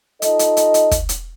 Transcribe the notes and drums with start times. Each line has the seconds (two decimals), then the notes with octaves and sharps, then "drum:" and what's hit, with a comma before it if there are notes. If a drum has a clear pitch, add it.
0.22 D#4 F4 A4 D#5, drum: hi-hat
0.39 drum: hi-hat
0.57 drum: hi-hat
0.74 drum: hi-hat
0.91 drum: kick, hi-hat
1.09 drum: hi-hat